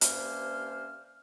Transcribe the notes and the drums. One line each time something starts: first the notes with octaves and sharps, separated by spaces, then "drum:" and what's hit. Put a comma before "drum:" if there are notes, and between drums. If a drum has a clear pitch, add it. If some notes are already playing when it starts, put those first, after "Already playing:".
G2 C3 A#3 C#4 C5 F6, drum: hi-hat